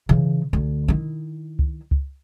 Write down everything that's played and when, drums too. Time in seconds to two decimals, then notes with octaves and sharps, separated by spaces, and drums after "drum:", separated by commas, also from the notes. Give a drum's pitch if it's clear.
0.09 C#3 E3
0.53 D2, drum: kick C#2
0.88 D#3 E4
1.59 drum: kick C#2
1.91 drum: kick C#2